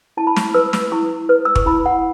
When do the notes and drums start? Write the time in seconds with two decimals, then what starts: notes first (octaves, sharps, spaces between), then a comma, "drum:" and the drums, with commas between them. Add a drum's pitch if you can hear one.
0.17 E4 A5
0.27 B5
0.36 C#6, drum: snare
0.54 B4 E6
0.73 E6, drum: snare
0.92 E4 C#6
1.29 B4
1.45 E6
1.56 C#6, drum: kick
1.66 E4 B5
1.86 F#5